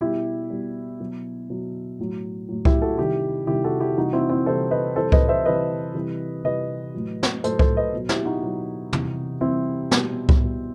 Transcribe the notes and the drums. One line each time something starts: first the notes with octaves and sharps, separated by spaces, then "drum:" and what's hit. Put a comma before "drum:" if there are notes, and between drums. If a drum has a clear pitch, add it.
B2 G3 E4 G4
B2 G3
B2 F#3
B2 F#3
A2 F#3
A2 F#3
E4 G4, drum: kick C2
F#4 A4
C3 D#3 G3 E4 G4
C3 D#3 G3 E4 G4
F#4 A4
E4 G4
C3 E3 G3 D#4 F#4
C4 E4
C4 E4
C3 E3 G3 A4 C5
B4 D#5
C3 E3 G3 A4 C5
B4 D#5, drum: kick C2
C5 E5
C3 E3 G3 B4 D#5
C3 E3 G3
C3 E3 G3 B4 D#5
A2 F#3
drum: snare
A2 F#3 A4 C5, drum: hi-hat
A4 C5, drum: kick C2
B4 D#5
B2 F#3
E4 G4, drum: snare
D#4 F#4
B2 F#3
C3 E3 G3, drum: tom
C3 E3 G3 C4 E4
B2 G3, drum: snare
drum: kick C2
B2 G3